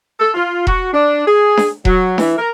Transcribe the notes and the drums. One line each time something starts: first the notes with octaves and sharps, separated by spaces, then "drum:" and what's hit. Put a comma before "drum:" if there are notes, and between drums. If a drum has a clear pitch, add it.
A4
F4
F#4, drum: kick E1
D4
G#4
drum: snare D4
F#3, drum: kick E1
E3, drum: snare D4
A#4